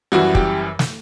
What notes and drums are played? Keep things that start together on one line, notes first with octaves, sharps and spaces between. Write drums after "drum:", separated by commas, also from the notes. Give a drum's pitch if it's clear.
F#2 E3 G3 F#4
G4, drum: kick
drum: snare